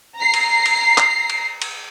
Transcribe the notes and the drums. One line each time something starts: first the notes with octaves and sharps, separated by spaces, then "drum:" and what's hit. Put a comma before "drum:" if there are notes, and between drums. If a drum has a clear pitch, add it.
A#5 C7
drum: cymbal
drum: cymbal
drum: clap
drum: cymbal
drum: cymbal